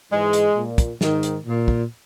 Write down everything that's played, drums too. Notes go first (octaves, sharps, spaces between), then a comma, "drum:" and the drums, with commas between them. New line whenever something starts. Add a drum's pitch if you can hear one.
G#2 E3 G#3
drum: hi-hat
A#2
drum: kick, hi-hat
G#2 D#3, drum: snare
drum: hi-hat
A#2
drum: kick